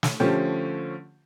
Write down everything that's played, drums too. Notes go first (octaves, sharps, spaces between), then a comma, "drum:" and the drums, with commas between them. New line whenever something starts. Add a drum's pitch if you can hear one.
drum: snare
D3 F3 A3 C#4 G4